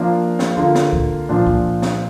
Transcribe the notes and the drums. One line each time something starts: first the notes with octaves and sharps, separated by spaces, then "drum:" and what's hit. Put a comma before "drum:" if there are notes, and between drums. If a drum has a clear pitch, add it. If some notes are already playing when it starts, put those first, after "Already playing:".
Already playing: F3 A#3 D4 F4
drum: snare
D3 A#3 F4
drum: snare
drum: kick C#2
A#2 F3 D4 F4
drum: kick C#2
drum: snare